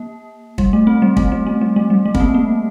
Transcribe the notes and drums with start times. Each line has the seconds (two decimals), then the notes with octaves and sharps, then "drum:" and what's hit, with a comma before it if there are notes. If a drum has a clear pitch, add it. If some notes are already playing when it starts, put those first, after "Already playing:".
Already playing: A#3
0.58 G3, drum: kick
0.73 A3
0.87 C4
1.02 G3
1.17 A3, drum: kick
1.32 G3
1.47 A3
1.61 G3
1.76 A3
1.90 G3
2.06 A3
2.15 C4, drum: kick
2.20 A#3
2.35 A#3